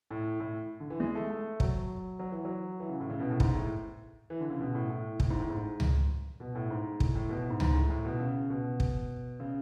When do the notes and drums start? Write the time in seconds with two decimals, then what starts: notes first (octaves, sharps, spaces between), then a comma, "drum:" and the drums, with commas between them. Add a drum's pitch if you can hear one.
0.11 A2
0.40 A2
0.80 D3
0.90 E3
1.00 G#3
1.15 A3
1.30 A3
1.60 F#3, drum: kick
2.19 F#3
2.32 E3
2.45 F#3
2.80 E3
2.89 C#3
3.00 A2
3.10 C#3
3.19 B2
3.30 A2
3.40 G#2, drum: kick
3.55 A2
4.30 E3
4.40 D3
4.50 C#3
4.60 B2
4.75 A2
4.90 A2
5.20 A2, drum: kick
5.30 G#2
5.40 A2
5.50 G#2
5.80 drum: tom C#2
6.40 B2
6.55 A2
6.70 G#2
7.00 A2, drum: kick
7.15 A2
7.29 B2
7.39 A2
7.50 G#2
7.60 G#2, drum: tom C#2
7.74 A2
7.90 A2
8.05 B2
8.20 C#3
8.50 B2
8.80 drum: kick
9.40 C#3